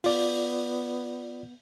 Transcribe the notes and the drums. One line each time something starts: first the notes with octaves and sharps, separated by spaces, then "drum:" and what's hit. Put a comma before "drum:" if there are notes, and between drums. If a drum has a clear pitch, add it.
B3 F4 D5, drum: open hi-hat